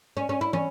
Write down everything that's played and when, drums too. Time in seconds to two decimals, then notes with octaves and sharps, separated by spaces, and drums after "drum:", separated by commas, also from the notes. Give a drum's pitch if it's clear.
0.17 C#4
0.29 C#4
0.41 E4
0.53 C#4, drum: tom